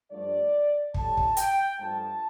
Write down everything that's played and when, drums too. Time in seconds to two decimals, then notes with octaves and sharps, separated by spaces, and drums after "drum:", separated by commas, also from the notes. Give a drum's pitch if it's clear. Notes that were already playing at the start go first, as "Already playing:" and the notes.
0.11 G2 F3 A3 D5
0.94 A2 G3 A5, drum: kick
1.17 drum: kick
1.37 G5, drum: hi-hat
1.79 G2 F3 A3 A5